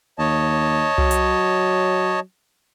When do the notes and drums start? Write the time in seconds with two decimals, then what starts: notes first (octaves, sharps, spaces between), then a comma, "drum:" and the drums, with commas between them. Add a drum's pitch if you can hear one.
0.19 D#2 C#5 D#5 A5
0.98 F#3, drum: tom C2
1.11 drum: hi-hat